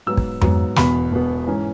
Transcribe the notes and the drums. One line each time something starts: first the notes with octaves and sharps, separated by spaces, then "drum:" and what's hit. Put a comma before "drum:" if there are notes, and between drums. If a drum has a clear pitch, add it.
G#2 F#3 B3 E6
drum: kick
G#2 F#3 B3, drum: tom F2
E1 E2 B2 B3 B5, drum: snare
E1 E2 B2 B3
G#2 E3 C#4